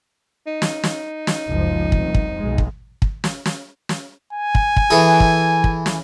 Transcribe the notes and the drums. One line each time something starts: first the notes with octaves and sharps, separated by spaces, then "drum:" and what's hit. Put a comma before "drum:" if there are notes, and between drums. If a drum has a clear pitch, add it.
D#4
drum: snare
drum: snare
drum: snare
F#1 C#2 F3
F1 C2, drum: kick
drum: kick
B1 G#3
drum: kick
drum: kick
drum: snare
drum: snare
drum: snare
G#5
drum: kick
drum: kick
E3 G#4 A4
drum: kick
drum: kick
drum: snare